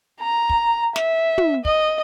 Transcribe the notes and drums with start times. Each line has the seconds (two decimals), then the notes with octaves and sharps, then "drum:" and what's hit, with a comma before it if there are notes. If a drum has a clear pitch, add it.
0.20 A#5
0.50 drum: kick
0.96 E5, drum: snare
1.38 drum: tom
1.65 D#5, drum: kick